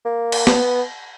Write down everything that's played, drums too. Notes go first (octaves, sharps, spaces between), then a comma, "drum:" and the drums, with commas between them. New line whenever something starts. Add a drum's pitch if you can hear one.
A#3
drum: cymbal
B3, drum: snare